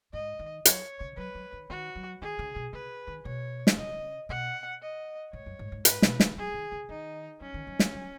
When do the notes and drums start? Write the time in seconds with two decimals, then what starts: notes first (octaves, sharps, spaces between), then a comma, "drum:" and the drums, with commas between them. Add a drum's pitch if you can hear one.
0.13 G#2 D#5
0.39 D#3
0.65 F#3 C#5, drum: hi-hat
1.00 C#3
1.17 F#3 B4
1.35 F#3
1.53 D#3
1.70 D#3 F#4
1.96 F#3
2.21 D#3 G#4
2.39 C#3
2.56 B2
2.73 C#3 B4
3.07 D#3
3.25 B2 C#5
3.67 drum: snare
3.77 C#3 D#5
4.29 B2 F#5
4.81 D#5
5.33 G#2 C#5
5.46 F#2
5.59 G#2
5.72 G#2
5.85 G#2 B4, drum: hi-hat
6.02 B2, drum: snare
6.20 D#3, drum: snare
6.37 F#3 G#4
6.54 D#3
6.72 C#3
6.89 D#3 D#4
7.41 F#3 C#4
7.54 D#3
7.67 F#3
7.79 F#3, drum: snare
7.94 F#3